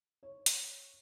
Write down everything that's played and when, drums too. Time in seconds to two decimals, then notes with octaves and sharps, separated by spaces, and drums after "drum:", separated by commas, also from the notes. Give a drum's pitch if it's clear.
0.23 C#5
0.46 drum: hi-hat